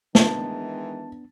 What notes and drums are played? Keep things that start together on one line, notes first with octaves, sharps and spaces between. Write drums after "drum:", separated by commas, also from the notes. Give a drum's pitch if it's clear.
D#3 E3 G#3 B3 D4 A5, drum: snare